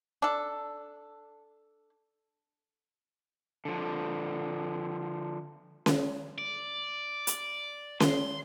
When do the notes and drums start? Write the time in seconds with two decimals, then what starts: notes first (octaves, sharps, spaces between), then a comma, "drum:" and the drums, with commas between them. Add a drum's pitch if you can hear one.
0.22 D4 A4
3.65 D3 F3
5.86 drum: snare C#4
6.38 D5
7.27 drum: hi-hat
8.00 C6, drum: snare C#4